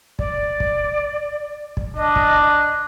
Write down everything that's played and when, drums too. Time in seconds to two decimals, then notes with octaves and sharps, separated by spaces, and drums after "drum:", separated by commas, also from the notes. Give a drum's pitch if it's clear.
0.19 D5, drum: kick
0.60 drum: kick
1.77 drum: kick
1.96 D4 D#5
2.16 drum: kick